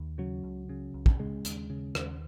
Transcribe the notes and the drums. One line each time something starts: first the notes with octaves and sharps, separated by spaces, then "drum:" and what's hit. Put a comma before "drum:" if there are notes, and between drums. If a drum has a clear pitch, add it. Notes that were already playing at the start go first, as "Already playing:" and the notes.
Already playing: D#2
C#3 F#3
C#2
C#3
C#2
drum: kick
C#3 G#3
D#2, drum: hi-hat
C#3
D#2, drum: rim click